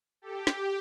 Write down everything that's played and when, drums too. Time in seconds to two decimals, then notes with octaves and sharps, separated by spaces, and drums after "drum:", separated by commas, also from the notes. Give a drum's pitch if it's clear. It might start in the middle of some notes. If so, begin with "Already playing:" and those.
0.22 G4 A4
0.47 drum: snare